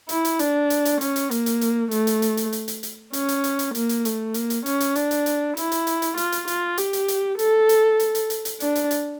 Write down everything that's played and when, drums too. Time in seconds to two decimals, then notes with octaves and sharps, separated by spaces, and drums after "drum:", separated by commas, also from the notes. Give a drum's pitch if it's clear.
0.09 E4, drum: hi-hat
0.25 drum: hi-hat
0.39 D4, drum: hi-hat
0.70 drum: hi-hat
0.85 drum: hi-hat
1.01 C#4, drum: hi-hat
1.16 drum: hi-hat
1.31 A#3, drum: hi-hat
1.46 drum: hi-hat
1.61 drum: hi-hat
1.91 A3, drum: hi-hat
2.07 drum: hi-hat
2.22 drum: hi-hat
2.37 drum: hi-hat
2.52 drum: hi-hat
2.68 drum: hi-hat
2.83 drum: hi-hat
3.13 C#4, drum: hi-hat
3.28 drum: hi-hat
3.44 drum: hi-hat
3.59 drum: hi-hat
3.75 A#3, drum: hi-hat
3.89 drum: hi-hat
4.05 A3, drum: hi-hat
4.34 A#3, drum: hi-hat
4.50 drum: hi-hat
4.66 C#4, drum: hi-hat
4.80 drum: hi-hat
4.95 D4, drum: hi-hat
5.11 drum: hi-hat
5.26 drum: hi-hat
5.57 E4, drum: hi-hat
5.72 drum: hi-hat
5.87 drum: hi-hat
6.02 drum: hi-hat
6.17 F4, drum: hi-hat
6.32 drum: hi-hat
6.48 F4, drum: hi-hat
6.78 G4, drum: hi-hat
6.93 drum: hi-hat
7.08 drum: hi-hat
7.39 A4, drum: hi-hat
7.69 drum: hi-hat
7.99 drum: hi-hat
8.15 drum: hi-hat
8.30 drum: hi-hat
8.45 drum: hi-hat
8.60 D4, drum: hi-hat
8.75 drum: hi-hat
8.91 drum: hi-hat